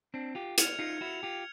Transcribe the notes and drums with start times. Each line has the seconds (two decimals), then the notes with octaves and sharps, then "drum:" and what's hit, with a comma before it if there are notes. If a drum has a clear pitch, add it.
0.14 C4 D4
0.35 F4 G4
0.58 F6 G#6 C#7 F7, drum: hi-hat
0.79 D#4 F4
1.01 E4 F#4
1.23 F4 G4